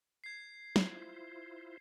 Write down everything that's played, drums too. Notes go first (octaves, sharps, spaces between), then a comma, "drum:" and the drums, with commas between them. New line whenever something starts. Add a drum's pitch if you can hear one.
G#6 C7
E4 F4 C5, drum: snare